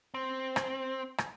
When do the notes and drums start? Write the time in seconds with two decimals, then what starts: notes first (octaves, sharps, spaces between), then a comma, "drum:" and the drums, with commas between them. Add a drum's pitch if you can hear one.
0.14 C4
0.56 drum: rim click
1.18 drum: rim click